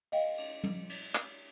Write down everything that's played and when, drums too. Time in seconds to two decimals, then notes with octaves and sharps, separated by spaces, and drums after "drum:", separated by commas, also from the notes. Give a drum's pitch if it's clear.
0.12 D#5 F5 G5, drum: cymbal
0.38 drum: cymbal
0.64 drum: tom
0.89 drum: cymbal
1.15 drum: clap